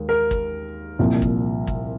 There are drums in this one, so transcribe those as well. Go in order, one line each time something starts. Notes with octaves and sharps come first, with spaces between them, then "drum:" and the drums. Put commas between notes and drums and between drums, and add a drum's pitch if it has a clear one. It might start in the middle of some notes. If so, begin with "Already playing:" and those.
Already playing: D#2 G#3
A#4
drum: kick
C2 A#2 F3 A#3
drum: kick
drum: kick